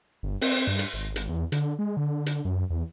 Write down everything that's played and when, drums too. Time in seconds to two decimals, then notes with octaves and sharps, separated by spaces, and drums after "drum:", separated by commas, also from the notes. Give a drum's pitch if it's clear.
0.23 G1
0.41 C4, drum: open hi-hat
0.67 G2
0.79 drum: hi-hat
0.94 G#1
1.16 drum: hi-hat
1.29 E2
1.52 D3, drum: hi-hat
1.79 G#3
1.97 D3
2.26 drum: hi-hat
2.45 F#2
2.70 E2